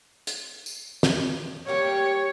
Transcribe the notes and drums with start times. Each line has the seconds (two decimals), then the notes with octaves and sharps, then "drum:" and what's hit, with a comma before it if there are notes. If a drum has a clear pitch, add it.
0.27 drum: hi-hat
0.66 drum: tambourine
1.03 drum: snare
1.67 G3 A#3 G4 C#5